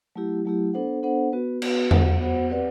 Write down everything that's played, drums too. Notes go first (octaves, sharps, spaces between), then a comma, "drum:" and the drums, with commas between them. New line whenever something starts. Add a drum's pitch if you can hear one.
F#3 A3 E4 G4
F#3 A3 E4 G4
B3 D4 A4 C5 F#5
B3 D4 A4 C5 F#5
B3 F#4 B4
B3 F#4 B4, drum: cymbal
B3 F#4 C5 F#5, drum: tom E2
B3 F#4 C5 F#5
C4 G4 B4 D5 F#5